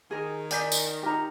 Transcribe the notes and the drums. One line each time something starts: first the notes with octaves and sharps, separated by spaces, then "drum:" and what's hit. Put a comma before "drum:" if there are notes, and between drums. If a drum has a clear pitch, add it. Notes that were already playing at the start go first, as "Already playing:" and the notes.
D#3 G#4 A#4
D#4 D5 G#5 G6 B6, drum: hi-hat
drum: tambourine
D#4 G4 A#4 A#5